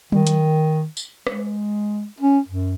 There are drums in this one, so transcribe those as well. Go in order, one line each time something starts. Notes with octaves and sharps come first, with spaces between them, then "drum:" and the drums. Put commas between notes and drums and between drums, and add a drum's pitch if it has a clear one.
D#3, drum: tom F#3
drum: hi-hat
drum: tambourine
G#3, drum: rim click
C#4
F#2